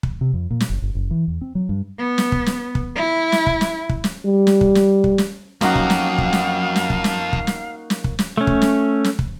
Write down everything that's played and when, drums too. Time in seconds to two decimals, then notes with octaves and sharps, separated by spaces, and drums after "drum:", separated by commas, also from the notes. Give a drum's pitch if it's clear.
0.03 drum: kick
0.21 C3
0.33 F2
0.51 A#2
0.60 drum: snare
0.70 F#1
0.82 G1
0.95 F#1
1.11 E3
1.28 E2
1.41 C4
1.55 F#3
1.69 G2
1.98 B3
2.18 drum: snare
2.32 drum: kick
2.46 drum: snare
2.75 drum: kick
2.95 E4
3.32 drum: snare
3.47 drum: kick
3.61 drum: snare
3.89 drum: kick
4.04 drum: snare
4.26 G3
4.47 drum: snare
4.61 drum: kick
4.75 drum: snare
5.04 drum: kick
5.18 drum: snare
5.61 F2 F#3 A#3 C#4 D#4 F#4 F5 A#5, drum: snare
5.75 drum: kick
5.90 drum: snare
6.18 drum: kick
6.33 drum: snare
6.76 drum: snare
6.90 drum: kick
7.04 drum: snare
7.33 drum: kick
7.47 drum: snare
7.90 drum: snare
8.04 drum: kick
8.19 drum: snare
8.37 A3 C#4
8.47 drum: kick
8.62 drum: snare
9.04 drum: snare
9.19 drum: kick